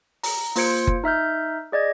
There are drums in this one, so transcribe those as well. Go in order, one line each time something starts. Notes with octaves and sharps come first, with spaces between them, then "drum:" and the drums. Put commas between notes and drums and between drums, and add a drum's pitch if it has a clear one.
A#5, drum: open hi-hat
A#3 F4 C5 G#6 C#7 D7, drum: open hi-hat
drum: kick F#1
D#4 E5 F6 G6
G#4 D5 D#5 G#6